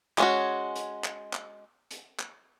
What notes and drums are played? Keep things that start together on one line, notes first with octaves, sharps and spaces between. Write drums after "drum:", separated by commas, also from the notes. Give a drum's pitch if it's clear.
G#3 C#4 F#4, drum: clap
drum: hi-hat
drum: clap
drum: clap
drum: hi-hat
drum: clap